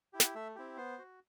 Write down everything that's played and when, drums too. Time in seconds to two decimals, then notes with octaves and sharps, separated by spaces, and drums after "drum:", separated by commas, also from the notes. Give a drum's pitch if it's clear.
0.13 E4 G4
0.20 F#5, drum: snare
0.35 A3 E5
0.55 C4 E4 G4
0.77 B3 C5
0.98 F#4